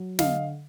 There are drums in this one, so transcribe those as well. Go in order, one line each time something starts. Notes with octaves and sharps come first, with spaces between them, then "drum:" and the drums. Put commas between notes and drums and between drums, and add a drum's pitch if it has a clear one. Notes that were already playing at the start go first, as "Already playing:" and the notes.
Already playing: F#3
D3 D#5 F5, drum: snare